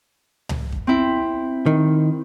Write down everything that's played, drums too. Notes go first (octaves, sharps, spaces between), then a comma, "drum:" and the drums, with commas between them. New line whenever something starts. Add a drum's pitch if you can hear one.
drum: tom C#2
drum: kick F#2
C4 E4
D#3